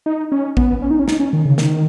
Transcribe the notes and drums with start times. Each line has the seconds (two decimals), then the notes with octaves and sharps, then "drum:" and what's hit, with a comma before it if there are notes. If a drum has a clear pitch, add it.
0.06 D#4
0.32 C#4
0.57 B3, drum: kick A1
0.82 C#4
0.91 D#4
0.99 C#4
1.08 D#4, drum: snare
1.20 C#4
1.33 D#3
1.45 C#3
1.58 D#3, drum: snare